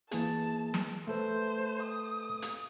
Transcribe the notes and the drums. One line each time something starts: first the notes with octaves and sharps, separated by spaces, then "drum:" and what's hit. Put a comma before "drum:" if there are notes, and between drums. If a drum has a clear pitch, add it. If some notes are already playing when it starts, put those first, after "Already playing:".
E3 A#3 G#4 A5, drum: hi-hat
drum: snare
A3 A4 B4 C5
D#6
drum: hi-hat